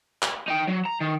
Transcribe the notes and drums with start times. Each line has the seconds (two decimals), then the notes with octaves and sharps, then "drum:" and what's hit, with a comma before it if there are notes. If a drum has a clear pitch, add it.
0.22 drum: clap
0.48 D#4 G5
0.68 F#3
0.86 A#5
1.01 D#3